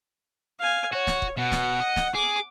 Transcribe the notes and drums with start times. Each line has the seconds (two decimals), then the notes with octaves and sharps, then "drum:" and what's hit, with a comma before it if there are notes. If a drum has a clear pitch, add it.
0.60 F5 G#5
0.92 F#4 C#5
1.07 drum: snare
1.22 drum: kick
1.37 B2 F#5
1.52 drum: snare
1.80 D#5
1.96 drum: snare
2.15 G#4 D6